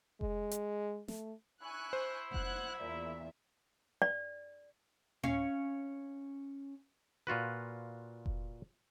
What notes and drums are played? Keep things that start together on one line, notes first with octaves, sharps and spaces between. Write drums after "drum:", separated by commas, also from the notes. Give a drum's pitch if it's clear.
G#3, drum: kick F1
drum: hi-hat
A3, drum: snare
E4 G#5 C#6 F#6
C5
F#5 F#6 G#6, drum: kick F1
E2 A#2 E5
D5
C#4 F5, drum: tom A2
A#2 F4 F#4 B4
drum: kick F1